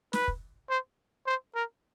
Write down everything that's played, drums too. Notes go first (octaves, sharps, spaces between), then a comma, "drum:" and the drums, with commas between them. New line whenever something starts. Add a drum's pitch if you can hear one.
B4, drum: snare
drum: kick
C5
C5
A#4